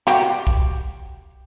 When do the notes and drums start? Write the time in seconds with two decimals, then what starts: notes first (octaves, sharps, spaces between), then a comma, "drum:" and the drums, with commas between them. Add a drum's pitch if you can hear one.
0.07 F#4 G4, drum: snare
0.47 drum: kick B1